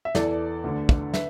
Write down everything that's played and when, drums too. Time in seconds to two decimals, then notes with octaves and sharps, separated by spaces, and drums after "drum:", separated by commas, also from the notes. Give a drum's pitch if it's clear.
0.05 E5
0.15 E2 E3 A4 D5, drum: snare
0.64 D2 D3
0.89 drum: kick
1.14 B4 E5, drum: snare